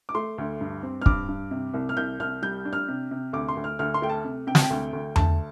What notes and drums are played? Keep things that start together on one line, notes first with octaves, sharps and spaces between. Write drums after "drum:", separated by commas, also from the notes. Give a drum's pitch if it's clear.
D6
A3 C6
D2
G2
C4
F6
G2 D6, drum: kick
G2
C3
C2
F6
C2 G6
C2 F6
G3 G6
D4
F6
C3
C3
D2 D6
C6
D2
F6
D2 F6
C6
A3 G5
A5
C3
C3 G5
A5, drum: snare
G5
D2
D2
D2 A5, drum: tom E2